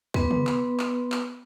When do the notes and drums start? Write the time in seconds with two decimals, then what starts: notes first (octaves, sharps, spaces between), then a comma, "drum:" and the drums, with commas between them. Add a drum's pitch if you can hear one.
0.14 B3 B4 C6, drum: kick
0.31 drum: tom
0.47 drum: clap
0.79 drum: clap
1.12 drum: clap